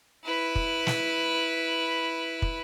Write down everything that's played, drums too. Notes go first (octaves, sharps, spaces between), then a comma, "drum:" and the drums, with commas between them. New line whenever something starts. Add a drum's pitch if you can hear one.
E4 B4
drum: kick
drum: snare
drum: kick